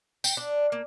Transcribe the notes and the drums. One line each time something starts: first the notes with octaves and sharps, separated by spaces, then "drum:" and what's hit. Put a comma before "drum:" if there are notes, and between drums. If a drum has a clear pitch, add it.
G5, drum: tambourine
D4
A#3